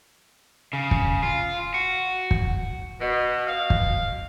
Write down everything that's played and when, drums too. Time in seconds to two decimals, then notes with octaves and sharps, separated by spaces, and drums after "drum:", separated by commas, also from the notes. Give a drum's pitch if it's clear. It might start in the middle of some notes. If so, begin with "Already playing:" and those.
0.73 C#3
0.91 drum: kick
1.23 F4
1.74 F#4
2.31 drum: kick
3.00 B2
3.47 F5
3.70 drum: kick